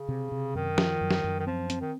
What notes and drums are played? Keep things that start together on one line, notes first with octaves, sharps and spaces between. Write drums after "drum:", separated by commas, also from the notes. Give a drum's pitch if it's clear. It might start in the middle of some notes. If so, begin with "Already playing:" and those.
Already playing: C#3
C3
C3
F#2 D#3
F3, drum: snare
F#2
drum: snare
F#2
D#3
F3 C4
C4, drum: hi-hat
D#3